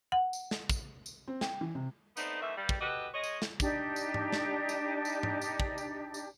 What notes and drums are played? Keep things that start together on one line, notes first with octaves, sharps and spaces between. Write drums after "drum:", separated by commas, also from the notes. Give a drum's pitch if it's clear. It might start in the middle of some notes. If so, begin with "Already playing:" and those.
F#5
drum: tambourine
drum: snare
drum: kick, tambourine
drum: tambourine
C4
G5, drum: snare
E3
C3
A3 B3 C4 D4 D#4, drum: tambourine
F#2 D#3 E3 A3 E5
G2 G3
drum: kick
F#4 G4 A4 B4 D#5
G#3 C#5 D#5
drum: tambourine
drum: snare
D4 D#4 G4, drum: kick, tambourine
drum: tambourine
drum: tom G#2
drum: snare
drum: tambourine
drum: tambourine
drum: tom G#2
drum: tambourine
drum: kick
drum: tambourine
drum: tambourine